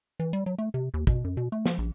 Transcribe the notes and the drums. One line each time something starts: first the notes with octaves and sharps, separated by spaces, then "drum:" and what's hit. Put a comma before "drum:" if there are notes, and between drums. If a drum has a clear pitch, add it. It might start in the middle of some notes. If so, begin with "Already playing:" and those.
E3
G3
F#3
A3
C3
D#2
B2, drum: kick
F#2
B2
A3
F3, drum: snare
A#1